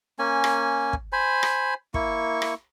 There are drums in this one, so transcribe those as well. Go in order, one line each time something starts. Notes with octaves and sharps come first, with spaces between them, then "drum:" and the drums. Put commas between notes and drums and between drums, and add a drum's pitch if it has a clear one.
A#3 C#4 G#5
drum: rim click
drum: kick
C5 G#5 B5
drum: rim click
A#3 E4 C#6, drum: kick
drum: rim click